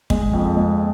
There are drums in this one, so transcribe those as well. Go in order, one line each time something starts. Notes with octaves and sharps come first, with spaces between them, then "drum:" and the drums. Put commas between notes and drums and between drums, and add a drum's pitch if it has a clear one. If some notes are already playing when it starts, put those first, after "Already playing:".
G#3, drum: kick
F2
G#3